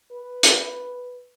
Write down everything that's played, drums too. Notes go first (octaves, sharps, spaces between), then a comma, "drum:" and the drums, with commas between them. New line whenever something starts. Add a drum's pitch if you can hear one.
B4
drum: hi-hat